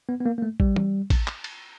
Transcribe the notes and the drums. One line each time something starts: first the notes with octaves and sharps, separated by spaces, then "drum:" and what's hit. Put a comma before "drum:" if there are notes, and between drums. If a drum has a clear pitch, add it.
B3
B3
A#3
A#3
A3
G3, drum: kick A1
drum: tom
drum: kick A1, cymbal
drum: clap
drum: cymbal